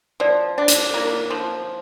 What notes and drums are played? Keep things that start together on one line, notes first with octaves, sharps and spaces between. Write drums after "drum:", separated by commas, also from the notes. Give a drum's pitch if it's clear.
F3 D5
D4
drum: hi-hat
A#3
F3